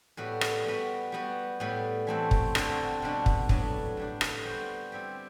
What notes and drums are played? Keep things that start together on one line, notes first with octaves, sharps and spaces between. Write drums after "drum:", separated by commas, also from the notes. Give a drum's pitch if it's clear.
A2 G3 B3 F#4
drum: rim click
G3 B3 F#4 B4
G3 B3 F#4
A2 G3 B3
E3 A3 C4 F#4
drum: kick
D3 G3 C4 F#4 A4, drum: rim click
B2 G3 B3 D4 F#4
drum: kick
A2 F#3 B3 D4, drum: kick
A2 G3 D4
drum: rim click
G3 B3 F#4 C5
G3 C4 E4 G4